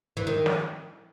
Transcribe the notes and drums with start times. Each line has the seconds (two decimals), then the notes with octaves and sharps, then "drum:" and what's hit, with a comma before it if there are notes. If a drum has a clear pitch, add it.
0.17 E3
0.27 D#3
0.46 drum: snare